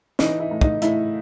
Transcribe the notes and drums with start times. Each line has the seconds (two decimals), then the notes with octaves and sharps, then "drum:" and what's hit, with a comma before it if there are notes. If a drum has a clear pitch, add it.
0.19 E3 D#4, drum: snare
0.40 E4
0.51 A2
0.61 D#4, drum: kick
0.82 A2 E4, drum: hi-hat